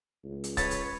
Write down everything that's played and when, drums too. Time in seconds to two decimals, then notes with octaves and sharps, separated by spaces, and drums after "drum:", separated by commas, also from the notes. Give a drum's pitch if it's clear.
0.24 C#2
0.44 drum: hi-hat
0.57 B4 C#5 A6, drum: kick C#1, hi-hat
0.71 drum: hi-hat